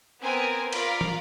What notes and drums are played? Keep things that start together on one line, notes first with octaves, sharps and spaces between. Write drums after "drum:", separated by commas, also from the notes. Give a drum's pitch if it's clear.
B3 C4 A#4 G#5
F4 A#4 D5 F5 A#5 B5, drum: cymbal
drum: tom